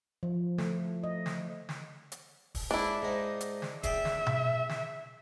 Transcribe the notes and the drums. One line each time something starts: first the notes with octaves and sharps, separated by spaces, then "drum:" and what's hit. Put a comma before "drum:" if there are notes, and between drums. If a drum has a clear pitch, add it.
F3
A3, drum: snare
D#5
drum: snare
drum: snare
drum: hi-hat
drum: kick, open hi-hat
G#3 D4 E4
G#2 D#4
drum: hi-hat
drum: snare
G#4 D5 E5 G5, drum: kick, hi-hat
drum: snare
drum: tom B2
drum: snare